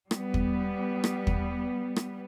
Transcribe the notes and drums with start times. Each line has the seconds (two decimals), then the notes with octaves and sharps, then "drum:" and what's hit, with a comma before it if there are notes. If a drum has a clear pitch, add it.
0.11 G3 B3, drum: rim click
0.34 drum: kick
1.04 drum: rim click
1.27 drum: kick
1.96 drum: rim click